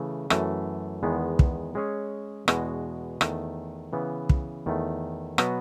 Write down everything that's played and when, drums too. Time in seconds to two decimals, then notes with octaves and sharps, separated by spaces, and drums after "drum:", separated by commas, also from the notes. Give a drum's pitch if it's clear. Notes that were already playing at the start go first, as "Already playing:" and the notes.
Already playing: C#3 E3 A3
0.30 F#2 E3 A3, drum: rim click
1.03 E2 D#3 G#3 B3
1.39 drum: kick
1.75 G#3 C#4 G#4 C#5
2.48 E2 B2 G#3 B3 F#4, drum: rim click
3.21 E2 D#3 A3, drum: rim click
3.93 C#3 E3 B3
4.29 drum: kick
4.66 E2 D#3 A3
5.38 B2 F#3 B3 F#4 B4, drum: rim click